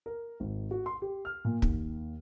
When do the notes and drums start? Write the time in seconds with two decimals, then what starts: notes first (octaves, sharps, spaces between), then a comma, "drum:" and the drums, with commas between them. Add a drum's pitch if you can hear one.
0.06 A#4
0.40 G#1
0.71 F#4
0.86 C6
1.02 G4
1.25 F6
1.45 A#2
1.62 D#2, drum: kick